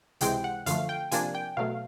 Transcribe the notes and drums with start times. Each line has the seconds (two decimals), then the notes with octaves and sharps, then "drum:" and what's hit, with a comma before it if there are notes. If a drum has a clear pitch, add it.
0.21 C#2 C3 E3 G#3 C4 G5, drum: hi-hat
0.44 F#5
0.66 F#2 D3 F3 A3 F5, drum: hi-hat
0.89 G5
1.11 C3 F3 A#3 D4 G#5, drum: hi-hat
1.35 G5
1.57 B2 F#3 A3 F5